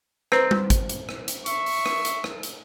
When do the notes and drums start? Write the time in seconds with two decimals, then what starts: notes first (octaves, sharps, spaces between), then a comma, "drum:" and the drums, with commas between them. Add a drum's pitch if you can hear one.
0.32 C4 B4 C5 A#5, drum: rim click
0.51 drum: tom G3
0.70 drum: kick, hi-hat
0.89 drum: hi-hat
1.09 drum: rim click
1.28 drum: hi-hat
1.46 E5 C#6, drum: hi-hat
1.66 drum: open hi-hat
1.86 drum: rim click
2.05 drum: hi-hat
2.24 drum: rim click
2.43 drum: hi-hat